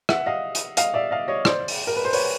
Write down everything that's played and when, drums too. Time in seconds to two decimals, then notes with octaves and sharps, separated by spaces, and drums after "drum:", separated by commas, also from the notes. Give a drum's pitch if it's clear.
0.09 E5 F#5, drum: rim click
0.26 D#5 F5
0.55 drum: hi-hat
0.77 D#5 F5, drum: hi-hat
0.94 D5 E5
1.11 D#5 F5
1.28 C#5 D#5
1.45 C5 D5, drum: rim click
1.68 drum: open hi-hat
1.87 A#4
1.97 B4
2.05 C5
2.13 B4 C#5, drum: open hi-hat